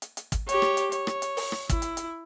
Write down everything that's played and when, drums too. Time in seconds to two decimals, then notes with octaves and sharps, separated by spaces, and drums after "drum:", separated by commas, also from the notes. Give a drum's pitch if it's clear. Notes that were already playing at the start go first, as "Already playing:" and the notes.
0.02 drum: hi-hat
0.17 drum: hi-hat
0.32 drum: kick, hi-hat
0.49 G4 C#5, drum: hi-hat
0.62 drum: rim click
0.77 drum: hi-hat
0.92 C#5, drum: hi-hat
1.07 drum: rim click
1.22 drum: hi-hat
1.37 drum: open hi-hat
1.52 drum: rim click
1.69 E4, drum: kick, hi-hat
1.82 drum: hi-hat
1.97 drum: hi-hat